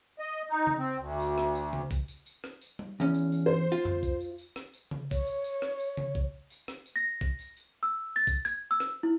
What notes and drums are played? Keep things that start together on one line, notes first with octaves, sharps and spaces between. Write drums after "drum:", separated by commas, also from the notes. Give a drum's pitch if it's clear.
D#5
D#4
drum: tom C#3
C4
D2
drum: tambourine
drum: rim click
drum: tambourine
drum: tom C#3
drum: kick B1, tambourine
drum: tambourine
drum: tambourine
drum: rim click
drum: tambourine
drum: tom G3
E2 C#4
drum: tambourine
drum: tambourine
C5
F4
drum: tom F2
drum: kick B1, tambourine
drum: tambourine
drum: tambourine
drum: rim click
drum: tambourine
drum: tom C#3
C#5, drum: kick B1, tambourine
drum: tambourine
drum: tambourine
drum: rim click
drum: tambourine
drum: tom C#3
drum: kick B1
drum: tambourine
drum: rim click
drum: tambourine
A#6
drum: kick B1
drum: tambourine
drum: tambourine
E6
A6
drum: kick B1, tambourine
G#6, drum: tambourine
E6
drum: rim click
E4